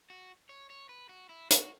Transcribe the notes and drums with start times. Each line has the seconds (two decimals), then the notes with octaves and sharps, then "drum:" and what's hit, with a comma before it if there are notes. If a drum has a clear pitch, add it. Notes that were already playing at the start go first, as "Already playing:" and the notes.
0.10 F#4
0.49 C#5
0.70 C#5
0.89 B4
1.09 F#4
1.29 E4
1.50 F#4, drum: hi-hat